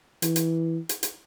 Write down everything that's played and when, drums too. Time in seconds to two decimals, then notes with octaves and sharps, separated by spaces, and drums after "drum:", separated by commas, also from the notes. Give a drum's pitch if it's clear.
0.22 E3, drum: hi-hat
0.36 drum: hi-hat
0.89 drum: hi-hat
1.03 drum: hi-hat